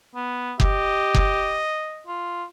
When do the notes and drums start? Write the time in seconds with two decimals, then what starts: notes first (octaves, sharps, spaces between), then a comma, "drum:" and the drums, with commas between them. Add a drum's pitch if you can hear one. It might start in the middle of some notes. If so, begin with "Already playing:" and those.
0.15 B3
0.60 G4 D#5, drum: kick F#1
1.14 drum: kick F#1
2.07 F4